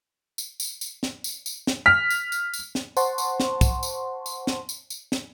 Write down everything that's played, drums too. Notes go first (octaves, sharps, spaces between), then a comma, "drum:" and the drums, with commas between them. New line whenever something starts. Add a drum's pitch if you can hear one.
drum: tambourine
drum: tambourine
drum: tambourine
drum: snare
drum: tambourine
drum: tambourine
drum: snare
F6 B6
drum: tambourine
drum: tambourine
drum: tambourine
drum: snare
C5 F#5 A5 C6 C#6, drum: tambourine
drum: tambourine
drum: snare
drum: kick, tambourine
drum: tambourine
drum: tambourine
drum: snare
drum: tambourine
drum: tambourine
drum: snare